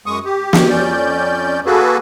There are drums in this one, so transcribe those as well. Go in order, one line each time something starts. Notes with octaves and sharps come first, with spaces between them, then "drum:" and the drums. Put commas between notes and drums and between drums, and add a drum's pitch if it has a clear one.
F#2 G#3 C#6 D#6
G4
drum: snare
F2 C#4 D5 G6
A#3 F#4 G#4 A4 B4